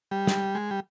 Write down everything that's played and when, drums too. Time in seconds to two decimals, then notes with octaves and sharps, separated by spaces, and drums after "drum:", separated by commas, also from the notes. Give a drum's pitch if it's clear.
0.11 G3
0.27 drum: snare
0.55 G#3
0.71 G3